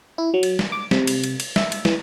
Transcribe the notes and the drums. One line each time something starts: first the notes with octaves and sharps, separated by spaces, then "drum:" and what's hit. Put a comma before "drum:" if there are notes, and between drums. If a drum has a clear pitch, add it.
E4
F#3
drum: cymbal
drum: snare
D6
C3, drum: snare
drum: cymbal
drum: cymbal
drum: cymbal
E5, drum: snare
drum: cymbal
E3, drum: snare